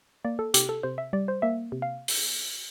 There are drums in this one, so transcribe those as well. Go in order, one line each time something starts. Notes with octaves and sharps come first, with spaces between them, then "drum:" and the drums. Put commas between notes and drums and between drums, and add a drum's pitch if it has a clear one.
A#3 D5
A4
C3 G4, drum: hi-hat
A4
C3 C5
E5
G3 D5
C5
A#3 E5
C3
F5
drum: open hi-hat